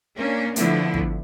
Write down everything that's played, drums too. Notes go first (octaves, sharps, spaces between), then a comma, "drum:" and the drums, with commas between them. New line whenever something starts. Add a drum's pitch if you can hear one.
A#3 C#4 D4
D3 F3 A3 B3 D4 E4, drum: hi-hat
drum: kick